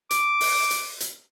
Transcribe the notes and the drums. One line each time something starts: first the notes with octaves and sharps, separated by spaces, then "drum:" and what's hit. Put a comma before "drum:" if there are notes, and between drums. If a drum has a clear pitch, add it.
D6, drum: hi-hat
drum: open hi-hat
drum: hi-hat
drum: hi-hat